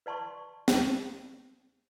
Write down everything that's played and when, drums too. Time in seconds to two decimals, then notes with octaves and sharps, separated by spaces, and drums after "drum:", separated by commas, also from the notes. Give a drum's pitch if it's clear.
0.06 B4 D5 A5 C6 C#6
0.68 drum: snare